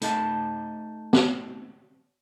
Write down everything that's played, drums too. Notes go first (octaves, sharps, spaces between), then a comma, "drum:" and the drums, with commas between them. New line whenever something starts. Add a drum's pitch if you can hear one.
A3 D#4 D#5 A5, drum: hi-hat
drum: snare